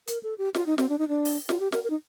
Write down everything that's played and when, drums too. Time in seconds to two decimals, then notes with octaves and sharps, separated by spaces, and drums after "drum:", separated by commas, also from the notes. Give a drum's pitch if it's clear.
0.07 A#4, drum: hi-hat
0.23 A4
0.38 G4
0.54 F4, drum: snare
0.66 D#4
0.78 C4, drum: snare
0.89 D4
0.99 D#4
1.09 D4
1.25 drum: open hi-hat
1.49 F4, drum: snare
1.60 G4
1.72 A#4, drum: snare
1.84 A#4
1.90 D#4